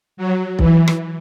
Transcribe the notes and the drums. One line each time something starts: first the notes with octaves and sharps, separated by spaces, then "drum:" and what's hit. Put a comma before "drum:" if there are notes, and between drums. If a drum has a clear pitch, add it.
F#3
E3, drum: kick B1
drum: rim click